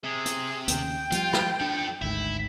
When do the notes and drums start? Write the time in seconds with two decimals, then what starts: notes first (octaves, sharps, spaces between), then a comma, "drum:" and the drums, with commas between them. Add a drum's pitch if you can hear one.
0.04 C3 G#4
0.26 drum: hi-hat
0.68 D#2 C#3 G5, drum: hi-hat
1.12 F3 G3 F4, drum: hi-hat
1.33 drum: rim click
1.61 F3 D4 A4
2.02 G#1 D2 G#2 E4